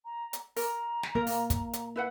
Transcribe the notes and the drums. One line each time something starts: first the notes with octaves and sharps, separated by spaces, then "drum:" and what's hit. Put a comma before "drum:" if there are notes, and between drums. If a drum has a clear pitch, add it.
A#5
drum: hi-hat
A#4 A#5, drum: open hi-hat
drum: snare
A#3 A#4
drum: open hi-hat
drum: kick, hi-hat
drum: hi-hat
E4 B4 F#5